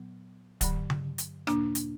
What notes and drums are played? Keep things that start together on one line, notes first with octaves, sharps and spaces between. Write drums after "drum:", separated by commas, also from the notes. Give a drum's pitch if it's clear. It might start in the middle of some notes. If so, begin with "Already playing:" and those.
Already playing: A#2 F#3 B3
G2 D3 F#3, drum: kick, hi-hat
drum: tom C#3
drum: hi-hat
E2 B2 A#3 D4, drum: rim click
drum: hi-hat